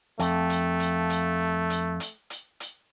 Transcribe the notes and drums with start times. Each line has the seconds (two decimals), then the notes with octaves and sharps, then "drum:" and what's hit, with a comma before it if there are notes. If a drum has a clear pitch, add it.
0.19 F2 A3, drum: hi-hat
0.50 drum: hi-hat
0.80 drum: hi-hat
1.10 drum: hi-hat
1.70 drum: hi-hat
2.00 drum: hi-hat
2.30 drum: hi-hat
2.60 drum: hi-hat